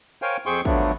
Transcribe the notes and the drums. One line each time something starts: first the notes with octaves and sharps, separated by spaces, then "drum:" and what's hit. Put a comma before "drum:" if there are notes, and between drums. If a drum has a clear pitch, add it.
A#4 C5 C#5 F5 G5 G#5
F2 G#4 C5 G5 C6 C#6
D3 F3 F#3 A3 B3 D4, drum: kick